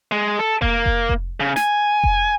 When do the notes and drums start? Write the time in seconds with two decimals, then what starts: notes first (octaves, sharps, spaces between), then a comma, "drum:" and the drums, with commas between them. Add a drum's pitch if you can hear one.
0.12 G#3
0.39 A4
0.62 A#3, drum: kick F1
0.86 drum: kick F1
1.09 drum: kick F1
1.40 C#3
1.56 G#5, drum: snare
2.04 drum: kick F1